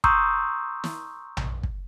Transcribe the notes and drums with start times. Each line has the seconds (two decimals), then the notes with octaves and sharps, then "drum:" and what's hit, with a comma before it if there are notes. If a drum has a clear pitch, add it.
0.04 A#5 C6 C#6 D#6 E6 G6, drum: kick
0.84 drum: snare
1.37 drum: tom A#1
1.63 drum: kick